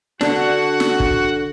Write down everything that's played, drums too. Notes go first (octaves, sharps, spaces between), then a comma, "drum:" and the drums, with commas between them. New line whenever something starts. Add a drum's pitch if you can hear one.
D3 D4 F#4 F#5, drum: snare
drum: snare
drum: kick